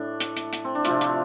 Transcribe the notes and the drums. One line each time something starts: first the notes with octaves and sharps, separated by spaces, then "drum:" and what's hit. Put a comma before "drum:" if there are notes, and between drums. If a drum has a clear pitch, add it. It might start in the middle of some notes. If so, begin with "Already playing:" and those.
Already playing: A2 A3 D4
drum: hi-hat
drum: hi-hat
drum: hi-hat
C4
D4
C3 F3 A3 F4, drum: hi-hat
drum: hi-hat